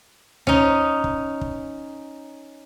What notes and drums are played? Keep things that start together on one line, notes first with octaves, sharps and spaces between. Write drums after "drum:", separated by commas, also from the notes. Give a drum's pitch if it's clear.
C#4 D#4, drum: tom C#2
drum: kick
drum: kick